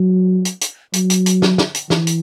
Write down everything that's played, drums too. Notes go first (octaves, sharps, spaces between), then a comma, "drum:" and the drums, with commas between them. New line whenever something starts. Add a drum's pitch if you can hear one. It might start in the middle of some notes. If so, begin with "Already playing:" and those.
Already playing: F#3
drum: hi-hat
drum: hi-hat
F#3, drum: hi-hat
drum: hi-hat
drum: hi-hat
drum: snare
drum: snare
drum: hi-hat
E3, drum: snare
drum: hi-hat